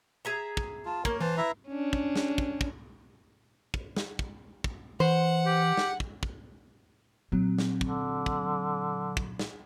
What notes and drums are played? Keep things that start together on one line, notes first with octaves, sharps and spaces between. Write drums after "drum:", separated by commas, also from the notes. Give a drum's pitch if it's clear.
G#4 E5 A#5
drum: kick
F4 A5
A#3 A#4 C#5, drum: kick
E3 B4 C5 F5 A5
E4 E5 A#5
C#4 D4
drum: kick
drum: snare
drum: kick
drum: kick
drum: kick
drum: snare
drum: kick
drum: kick
E3 C5 F#5
G4
drum: snare
drum: kick
drum: kick
A#2 F#3 C4
drum: snare
D3, drum: kick
drum: kick
drum: kick
drum: snare